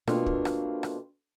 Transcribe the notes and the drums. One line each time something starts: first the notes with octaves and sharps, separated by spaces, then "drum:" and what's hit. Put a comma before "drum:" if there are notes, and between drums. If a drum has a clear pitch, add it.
B2 A3 A#3 C4 D4 F4, drum: rim click
drum: kick
drum: rim click
drum: rim click